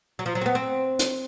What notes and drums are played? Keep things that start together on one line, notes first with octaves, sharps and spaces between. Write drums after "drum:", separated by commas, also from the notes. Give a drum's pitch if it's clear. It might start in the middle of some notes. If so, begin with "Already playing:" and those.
F#3
F3
F#3
C4
B3
C4
drum: hi-hat